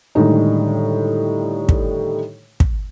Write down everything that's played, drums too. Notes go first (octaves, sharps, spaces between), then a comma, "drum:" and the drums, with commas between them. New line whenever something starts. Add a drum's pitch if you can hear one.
A2 D3 D#3 G3 G#3 D#4
drum: kick
drum: kick